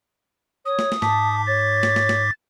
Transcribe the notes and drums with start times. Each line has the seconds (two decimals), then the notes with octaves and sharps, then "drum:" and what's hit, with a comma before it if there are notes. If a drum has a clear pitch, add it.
0.66 C#5 D#6
0.79 drum: snare
0.92 drum: snare
1.02 G#2 A5 D6 B6, drum: snare
1.47 C#5 A6
1.83 drum: snare
1.96 drum: snare
2.09 drum: snare